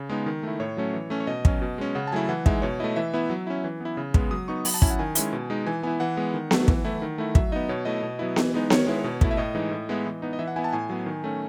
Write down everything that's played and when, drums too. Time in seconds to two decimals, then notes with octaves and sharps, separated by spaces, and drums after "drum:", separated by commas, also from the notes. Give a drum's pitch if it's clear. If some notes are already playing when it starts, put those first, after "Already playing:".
Already playing: C#3
0.09 G#3 B3 D#4
0.26 D#3
0.43 A3 E4
0.60 A2 C#5
0.77 F#3 A3 C#4
0.93 E3
1.10 A3 C#4
1.20 C#5
1.27 B2 D#5
1.45 F#3 C#4, drum: kick
1.62 B2
1.78 G#3 C#4
1.95 C#3 F#5
2.07 A5
2.12 F#3 A3 E4 G#5
2.29 E3 F#5
2.46 G#3 D#4 E5, drum: kick
2.62 B2 C#5
2.80 A3 E4 D#5
2.96 E3 E5
3.14 B3 E4
3.30 F#3
3.47 C#4 E4
3.64 E3
3.81 B3 E4
3.97 C#3
4.14 G#3 B3, drum: kick
4.31 F#3 D#6
4.48 B3 D#4 C#6
4.65 F#3 B5, drum: open hi-hat
4.74 A5
4.82 C#4 E4 G#5, drum: kick
4.90 F#5
4.99 D#3 G#5
5.15 G#3 C#4 E4, drum: hi-hat
5.33 B2
5.50 G#3 D#4
5.67 E3 G#5
5.83 B3 E4 G#5
6.00 E3 F#5
6.17 G#3 B3
6.34 D#3
6.51 F#3 A3, drum: snare B3
6.68 E3, drum: kick
6.85 A3 E4
7.02 D#3
7.18 A3 E4
7.35 F#3 E5, drum: kick
7.52 B3 D#4 D#5
7.69 B2 C#5
7.85 A3 E4 D#5
8.03 B2
8.19 F#3 B3 E4
8.36 E3, drum: snare B3
8.54 G#3 B3 D#4
8.70 D#3 C#5, drum: snare B3
8.87 G#3 B3 E4
9.04 B2
9.21 A3 E4, drum: kick
9.31 E5
9.37 A2 D#5
9.55 E3 G#3 D#4
9.71 A2
9.89 G#3 B3 E4
10.06 E3
10.22 B3 D#4
10.33 D#5
10.39 E3 E5
10.48 F#5
10.56 B3 E4 G#5
10.64 A5
10.73 A2 G#5
10.90 F#3 B3
11.06 D#3
11.24 A3 C#4